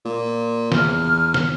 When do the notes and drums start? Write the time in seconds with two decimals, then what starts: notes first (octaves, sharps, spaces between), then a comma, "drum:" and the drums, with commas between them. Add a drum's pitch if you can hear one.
0.06 A#2
0.72 E2 F6, drum: snare
1.34 drum: snare